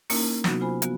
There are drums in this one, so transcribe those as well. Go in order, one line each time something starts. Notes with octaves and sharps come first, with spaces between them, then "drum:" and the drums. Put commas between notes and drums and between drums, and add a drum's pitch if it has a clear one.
A#3 C#4 D#4 E4 A#4, drum: open hi-hat
C3 F#3 B3 D#4 F#4, drum: snare
F4 C5 G#5 B5
F3 B3 F#4, drum: hi-hat